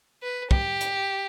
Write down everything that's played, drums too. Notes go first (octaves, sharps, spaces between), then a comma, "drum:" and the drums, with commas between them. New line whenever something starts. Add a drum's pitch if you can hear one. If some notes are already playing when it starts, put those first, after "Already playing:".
B4
G4, drum: kick
drum: hi-hat